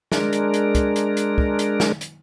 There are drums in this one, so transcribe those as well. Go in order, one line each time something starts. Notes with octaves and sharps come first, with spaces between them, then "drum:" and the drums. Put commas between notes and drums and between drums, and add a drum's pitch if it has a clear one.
G#3 D4 A#4, drum: snare
drum: hi-hat
drum: hi-hat
drum: kick, hi-hat
drum: hi-hat
drum: hi-hat
drum: kick
drum: hi-hat
drum: snare
drum: hi-hat